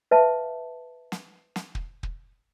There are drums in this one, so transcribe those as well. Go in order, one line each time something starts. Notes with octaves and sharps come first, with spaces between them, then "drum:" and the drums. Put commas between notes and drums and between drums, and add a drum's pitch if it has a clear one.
B4 E5 F5 A5
drum: snare
drum: snare
drum: kick
drum: kick